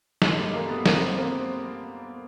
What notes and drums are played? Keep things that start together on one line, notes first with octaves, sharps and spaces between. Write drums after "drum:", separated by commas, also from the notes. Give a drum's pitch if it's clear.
G2 D#3 G#3, drum: snare
G3 A3
G#3 A#3
A3 B3
A#3 C4, drum: snare
A#3 C4